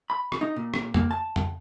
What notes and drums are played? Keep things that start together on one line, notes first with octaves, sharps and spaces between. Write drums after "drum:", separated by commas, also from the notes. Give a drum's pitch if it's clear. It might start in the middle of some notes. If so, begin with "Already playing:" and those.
B5
drum: rim click
D#4
A#2
drum: rim click
A#3, drum: tom F2
A5
drum: tom F2